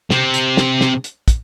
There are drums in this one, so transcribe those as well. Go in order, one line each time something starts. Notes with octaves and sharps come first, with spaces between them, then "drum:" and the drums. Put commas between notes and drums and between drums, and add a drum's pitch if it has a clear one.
C3 C4, drum: snare
drum: hi-hat
drum: snare
drum: snare
drum: hi-hat
drum: kick, hi-hat